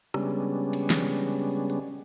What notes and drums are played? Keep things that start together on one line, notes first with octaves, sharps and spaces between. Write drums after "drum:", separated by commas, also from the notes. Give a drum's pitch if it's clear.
C#3 G3 G#3 B3 C#4 D4, drum: rim click
drum: cymbal
drum: snare
drum: hi-hat